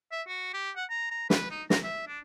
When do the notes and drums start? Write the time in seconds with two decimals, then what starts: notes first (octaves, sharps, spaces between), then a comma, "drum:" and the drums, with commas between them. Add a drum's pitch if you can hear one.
0.12 E5
0.28 F#4
0.54 G4
0.76 F#5
0.90 A#5
1.11 A#5
1.30 B4, drum: snare
1.51 D#4
1.70 A#5, drum: snare
1.84 E5
2.08 D4